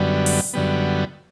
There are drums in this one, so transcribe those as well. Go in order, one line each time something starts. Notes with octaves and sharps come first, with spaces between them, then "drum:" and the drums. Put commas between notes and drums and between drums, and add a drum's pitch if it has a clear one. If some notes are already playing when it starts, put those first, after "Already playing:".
Already playing: F#2 D3 G3 B3
drum: open hi-hat
F#2 D3 G3 B3